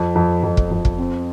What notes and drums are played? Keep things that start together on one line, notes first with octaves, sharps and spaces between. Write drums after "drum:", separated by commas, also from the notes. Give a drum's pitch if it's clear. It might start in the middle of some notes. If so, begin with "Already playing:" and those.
Already playing: F2
F2
F2
drum: kick
F2
drum: kick
C4